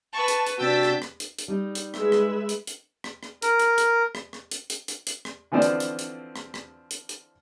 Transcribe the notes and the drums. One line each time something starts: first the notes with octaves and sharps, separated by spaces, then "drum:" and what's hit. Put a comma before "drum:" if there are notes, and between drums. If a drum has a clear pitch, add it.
B4 A5 C#6
drum: hi-hat
drum: hi-hat
C3 D4 F#4 G5 E6 A6 B6
drum: rim click
drum: rim click
drum: hi-hat
drum: hi-hat
G3 D#4
drum: hi-hat
G#3 B4 E5, drum: rim click
drum: rim click
drum: hi-hat
drum: hi-hat
drum: rim click
drum: rim click
A#4, drum: hi-hat
drum: hi-hat
drum: hi-hat
drum: rim click
drum: rim click
drum: hi-hat
drum: hi-hat
drum: hi-hat
drum: hi-hat
drum: rim click
D3 E3 F3 C4 D5
drum: hi-hat
drum: hi-hat
drum: hi-hat
drum: rim click
drum: rim click
drum: hi-hat
drum: hi-hat